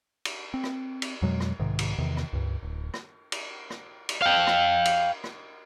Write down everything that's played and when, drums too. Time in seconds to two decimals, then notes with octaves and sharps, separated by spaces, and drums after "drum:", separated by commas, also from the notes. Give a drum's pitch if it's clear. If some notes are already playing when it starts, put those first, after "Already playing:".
0.25 drum: cymbal
0.54 C4
0.64 drum: rim click
1.02 drum: cymbal
1.22 F2 B2 F#3 G#3
1.40 drum: rim click
1.59 B1 G#2 C3 D#3
1.79 drum: cymbal
1.98 E2 C3 D#3
2.17 drum: rim click
2.33 C#2 G2
2.63 D1
2.94 drum: rim click
3.32 drum: cymbal
3.70 drum: rim click
4.09 drum: cymbal
4.22 F5 G5
4.47 drum: rim click
4.85 drum: cymbal
5.24 drum: rim click